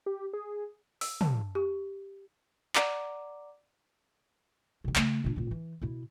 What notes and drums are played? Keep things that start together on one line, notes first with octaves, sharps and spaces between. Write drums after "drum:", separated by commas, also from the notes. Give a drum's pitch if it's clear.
G4
G#4
E6, drum: open hi-hat
A5, drum: tom
G4
D5 F#5 A#5 D6, drum: clap
B2 D3
C#3 A3, drum: clap
A#2 D4
A1 A#2
E3
B2 E4